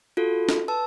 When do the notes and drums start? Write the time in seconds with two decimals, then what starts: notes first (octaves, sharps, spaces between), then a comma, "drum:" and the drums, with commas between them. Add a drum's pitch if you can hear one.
0.17 F4 F#4 A4
0.49 drum: snare
0.68 B4 A5 E6